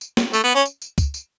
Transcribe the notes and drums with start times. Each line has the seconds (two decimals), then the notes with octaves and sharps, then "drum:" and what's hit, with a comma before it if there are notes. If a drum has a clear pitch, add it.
0.01 drum: tambourine
0.17 drum: snare
0.33 A3, drum: tambourine
0.44 B3
0.55 C#4
0.66 drum: tambourine
0.82 drum: tambourine
0.98 drum: kick, tambourine
1.14 drum: tambourine